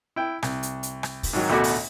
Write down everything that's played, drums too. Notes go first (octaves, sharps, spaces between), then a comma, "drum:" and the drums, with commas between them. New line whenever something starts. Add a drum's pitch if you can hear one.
E4 G5
C2, drum: rim click
drum: hi-hat
drum: hi-hat
drum: rim click
drum: kick, open hi-hat
G#2 D#3 F#3
A1 D2 B2 A3 F#4 D6
drum: open hi-hat